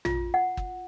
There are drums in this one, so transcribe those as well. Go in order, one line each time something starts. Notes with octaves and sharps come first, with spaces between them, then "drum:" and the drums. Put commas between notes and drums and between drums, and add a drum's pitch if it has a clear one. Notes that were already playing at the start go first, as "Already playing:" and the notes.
F4, drum: tom
F#5
drum: kick